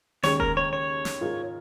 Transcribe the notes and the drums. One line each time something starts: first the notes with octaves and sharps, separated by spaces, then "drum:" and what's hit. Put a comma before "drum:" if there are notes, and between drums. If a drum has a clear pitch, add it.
D#2 C#3 G#3 C#5, drum: snare
A#4, drum: kick E1
C#5
C#5
drum: snare
G#2 G#3 F4 A#4